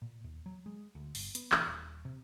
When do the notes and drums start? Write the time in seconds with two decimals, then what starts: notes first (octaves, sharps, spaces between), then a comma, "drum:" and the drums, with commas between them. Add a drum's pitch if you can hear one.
0.02 A#2
0.24 D#2
0.46 F#3
0.66 G#3
0.95 D2
1.15 G1, drum: open hi-hat
1.35 B3, drum: hi-hat
1.52 E3, drum: clap
1.67 D#1
2.05 C3